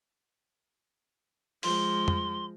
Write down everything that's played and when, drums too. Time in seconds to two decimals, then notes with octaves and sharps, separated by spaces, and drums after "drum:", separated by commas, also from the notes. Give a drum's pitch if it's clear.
1.63 F3 G#3 C6, drum: open hi-hat
2.08 drum: tom